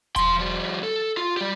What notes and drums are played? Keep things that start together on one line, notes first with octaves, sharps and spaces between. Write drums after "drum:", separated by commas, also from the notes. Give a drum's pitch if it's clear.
F3 C6, drum: kick E1, hi-hat
F3 G3
A4
F4
G3 G4